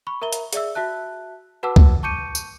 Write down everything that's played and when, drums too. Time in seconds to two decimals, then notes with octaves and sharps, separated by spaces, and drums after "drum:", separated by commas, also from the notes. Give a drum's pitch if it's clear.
0.07 B5 C#6
0.22 A#4 E5 A#5 G7
0.33 drum: hi-hat
0.53 G#4 D5 E5 E6, drum: hi-hat
0.75 F#4 E5 A5 F#6
1.63 F#4 B4 F#5 A5 D6 E6
1.76 drum: kick
2.03 A5 C#6 D6 G6 C#7 D#7
2.35 drum: tambourine